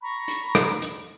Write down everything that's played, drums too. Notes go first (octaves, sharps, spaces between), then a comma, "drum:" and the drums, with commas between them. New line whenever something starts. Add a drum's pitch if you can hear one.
A#5 B5 C#6
drum: hi-hat
drum: rim click
drum: hi-hat